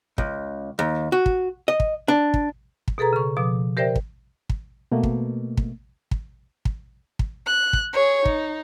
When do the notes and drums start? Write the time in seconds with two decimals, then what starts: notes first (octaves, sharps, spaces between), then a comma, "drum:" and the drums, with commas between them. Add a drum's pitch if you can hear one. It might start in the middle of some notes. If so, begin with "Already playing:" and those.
0.18 C#2, drum: kick
0.79 D#2
1.12 F#4
1.26 drum: kick
1.68 D#5
1.80 drum: kick
2.08 D4
2.34 drum: kick
2.88 drum: kick
2.98 B2 G#4 A4 B4 A#5
3.13 C#3 C#6
3.37 B2 F3 D6
3.77 G4 A#4 C5 D5 E5 G5
3.96 drum: kick
4.50 drum: kick
4.92 B2 A3 A#3
5.03 drum: kick
5.57 drum: kick
6.11 drum: kick
6.65 drum: kick
7.19 drum: kick
7.47 F#6
7.73 drum: kick
7.93 G#4 C#5
8.25 D#4, drum: kick